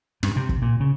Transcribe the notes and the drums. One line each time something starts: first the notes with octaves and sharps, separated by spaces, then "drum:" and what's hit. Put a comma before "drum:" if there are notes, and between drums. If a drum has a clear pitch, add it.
G2, drum: snare
C3
drum: kick
A#2
C#3